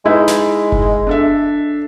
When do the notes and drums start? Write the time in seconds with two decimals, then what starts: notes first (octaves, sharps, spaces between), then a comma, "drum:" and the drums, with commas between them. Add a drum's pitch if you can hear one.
0.05 G#3 D#4 E4 B4
0.28 drum: snare
0.72 drum: kick F#1
1.07 D4 A4 E5